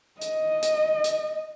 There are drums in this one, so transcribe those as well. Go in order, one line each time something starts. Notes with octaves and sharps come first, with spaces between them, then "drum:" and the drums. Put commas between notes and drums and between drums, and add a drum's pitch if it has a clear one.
D#5, drum: hi-hat
drum: hi-hat
drum: hi-hat